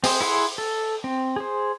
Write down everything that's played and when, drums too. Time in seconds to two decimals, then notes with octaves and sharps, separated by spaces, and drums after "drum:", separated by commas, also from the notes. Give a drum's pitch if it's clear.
0.04 C4 G#4 C5, drum: open hi-hat
0.21 E4 G#4 F#5 C6
0.58 A4
1.04 C4
1.36 G#4 C5